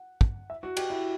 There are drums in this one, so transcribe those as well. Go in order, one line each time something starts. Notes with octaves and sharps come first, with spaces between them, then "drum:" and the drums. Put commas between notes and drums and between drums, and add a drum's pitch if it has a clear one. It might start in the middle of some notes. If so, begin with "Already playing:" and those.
Already playing: F#5
drum: kick
E5
F#4
G4, drum: cymbal
E4